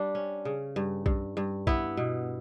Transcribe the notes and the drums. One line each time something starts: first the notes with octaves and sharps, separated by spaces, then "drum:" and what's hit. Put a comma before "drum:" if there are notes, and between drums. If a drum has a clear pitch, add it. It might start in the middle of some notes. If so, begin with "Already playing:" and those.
Already playing: G3 D4
C#4
C#3
G2
G2, drum: kick
G2
B3 E4, drum: kick
B2